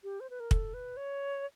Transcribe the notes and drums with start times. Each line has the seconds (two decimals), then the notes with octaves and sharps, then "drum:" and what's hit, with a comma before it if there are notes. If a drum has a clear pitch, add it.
0.04 G4
0.20 C5
0.30 B4
0.40 A#4
0.51 A4, drum: kick
0.74 B4
0.97 C#5